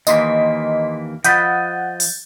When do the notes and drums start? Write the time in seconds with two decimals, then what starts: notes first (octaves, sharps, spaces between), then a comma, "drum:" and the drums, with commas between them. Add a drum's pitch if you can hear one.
0.07 D#2 E3 A#3 D#5 C6 B6, drum: tambourine
1.25 F3 D#5 F#5 B5 G6 A6, drum: hi-hat
2.00 drum: open hi-hat